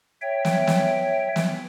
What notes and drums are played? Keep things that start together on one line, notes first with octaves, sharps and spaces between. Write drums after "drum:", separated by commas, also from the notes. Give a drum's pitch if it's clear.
C#5 E5 G5
drum: snare
drum: snare
drum: snare